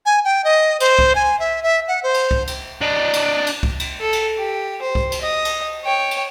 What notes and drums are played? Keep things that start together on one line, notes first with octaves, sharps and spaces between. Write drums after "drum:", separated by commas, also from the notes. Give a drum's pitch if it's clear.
G#5
G5
D#5
C5, drum: cymbal
drum: kick C2
G#5
E5
E5
F#5
C5
drum: cymbal
drum: kick C2
drum: cymbal
D4 D#5
drum: cymbal
drum: cymbal
drum: kick C2
drum: cymbal
A4
drum: cymbal
G4
C5
drum: kick C2
drum: cymbal
D#5
drum: cymbal
C#5 G5
drum: cymbal